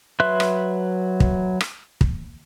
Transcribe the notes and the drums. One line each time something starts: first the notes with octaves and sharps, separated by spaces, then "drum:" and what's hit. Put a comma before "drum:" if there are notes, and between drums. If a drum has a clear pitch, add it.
F#3 B4 E5 C6 F#6
drum: rim click
drum: kick
drum: rim click
drum: kick